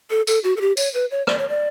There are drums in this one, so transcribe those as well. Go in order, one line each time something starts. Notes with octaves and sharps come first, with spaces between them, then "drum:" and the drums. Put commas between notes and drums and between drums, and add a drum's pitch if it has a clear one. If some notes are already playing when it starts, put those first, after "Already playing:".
A4
A4, drum: tambourine
F#4
A4
G4
C#5, drum: tambourine
B4
C#5
D5, drum: rim click
C#5
D5